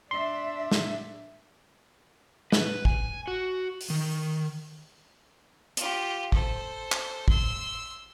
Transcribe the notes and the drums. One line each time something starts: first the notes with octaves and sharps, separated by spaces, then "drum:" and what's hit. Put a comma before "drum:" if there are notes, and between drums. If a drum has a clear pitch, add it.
D4 E5 C6
drum: snare
B4, drum: snare
G#5, drum: kick
F#4
drum: open hi-hat
D#3
F4 G4, drum: hi-hat
A4 C5, drum: kick
drum: clap
C6 E6, drum: kick